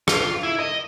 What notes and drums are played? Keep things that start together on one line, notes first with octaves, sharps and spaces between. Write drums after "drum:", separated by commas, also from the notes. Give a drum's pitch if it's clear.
F4, drum: rim click
E4
D#5